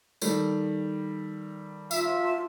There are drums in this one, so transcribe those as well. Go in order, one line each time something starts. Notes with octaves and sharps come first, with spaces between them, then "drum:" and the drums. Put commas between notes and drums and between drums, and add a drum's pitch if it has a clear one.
D#3 G3 A4, drum: tambourine
F4 E5, drum: tambourine